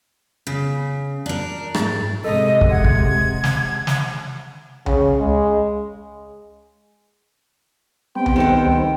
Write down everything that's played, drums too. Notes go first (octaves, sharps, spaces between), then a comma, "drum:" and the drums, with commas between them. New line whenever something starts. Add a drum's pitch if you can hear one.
C#3
D4 A#4
G#2 A6, drum: rim click
C3 G#3 A4 D#5
drum: kick
F#5 G#6
drum: kick
drum: snare
drum: snare
C#3, drum: tom C#2
G#3
G3 B3 C4 G5
drum: tom C#2
D#3 A4 F#5